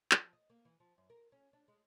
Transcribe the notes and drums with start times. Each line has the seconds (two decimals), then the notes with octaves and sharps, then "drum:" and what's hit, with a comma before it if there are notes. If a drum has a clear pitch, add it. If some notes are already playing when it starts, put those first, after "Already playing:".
0.11 F3, drum: clap
0.33 D#5
0.50 A#3
0.65 E3
0.80 F3
0.98 F#2
1.10 A#4
1.32 C#4
1.53 D4
1.68 G#3